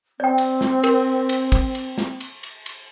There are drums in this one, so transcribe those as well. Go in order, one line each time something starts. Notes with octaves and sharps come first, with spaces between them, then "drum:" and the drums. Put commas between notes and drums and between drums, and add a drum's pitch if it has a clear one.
C4 D5 G5
drum: cymbal
drum: snare
A#4, drum: cymbal
drum: cymbal
drum: kick, cymbal
drum: cymbal
drum: snare
drum: cymbal
drum: cymbal
drum: cymbal